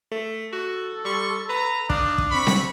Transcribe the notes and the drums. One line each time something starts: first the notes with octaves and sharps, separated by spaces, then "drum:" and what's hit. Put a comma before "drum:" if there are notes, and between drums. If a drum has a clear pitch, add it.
A3
F#4 A4
G3 C6 C#6
B4 A#5
D4 D#4 D#5 F5, drum: kick
drum: kick
C4 B5 C#6
drum: snare C4